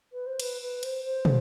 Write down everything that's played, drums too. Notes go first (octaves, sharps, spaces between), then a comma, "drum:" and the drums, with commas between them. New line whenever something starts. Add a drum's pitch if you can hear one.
B4
C5
B4, drum: cymbal
B4
C5, drum: cymbal
C5
drum: tom